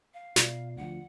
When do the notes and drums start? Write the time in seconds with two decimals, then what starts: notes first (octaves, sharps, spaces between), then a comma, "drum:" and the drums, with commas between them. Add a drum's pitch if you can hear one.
0.14 F5
0.36 B2 F4 D5 E5, drum: snare
0.77 D2 F3 F#5